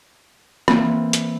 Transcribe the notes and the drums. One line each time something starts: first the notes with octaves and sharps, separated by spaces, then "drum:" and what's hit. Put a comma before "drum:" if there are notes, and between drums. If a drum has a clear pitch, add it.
E3 A#3 C4, drum: rim click
drum: hi-hat